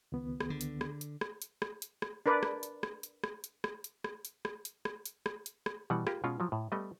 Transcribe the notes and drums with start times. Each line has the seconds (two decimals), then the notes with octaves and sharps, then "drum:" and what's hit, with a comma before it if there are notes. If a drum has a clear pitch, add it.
0.12 C#2 D#3 B3
0.40 drum: rim click
0.50 D3
0.61 drum: hi-hat
0.81 drum: rim click
1.01 drum: hi-hat
1.21 drum: rim click
1.42 drum: hi-hat
1.62 drum: rim click
1.82 drum: hi-hat
2.02 drum: rim click
2.26 D4 A#4 B4 D5
2.43 drum: rim click
2.63 drum: hi-hat
2.83 drum: rim click
3.03 drum: hi-hat
3.24 drum: rim click
3.44 drum: hi-hat
3.64 drum: rim click
3.84 drum: hi-hat
4.04 drum: rim click
4.25 drum: hi-hat
4.45 drum: rim click
4.65 drum: hi-hat
4.85 drum: rim click
5.06 drum: hi-hat
5.26 drum: rim click
5.46 drum: hi-hat
5.66 drum: rim click
5.90 B2 E3 G3 F#5
6.07 F4 G4 A#4, drum: rim click
6.24 B2 G#3 C#4 F4
6.40 F3 F#3
6.52 A2
6.72 G3 A3 B3 D#5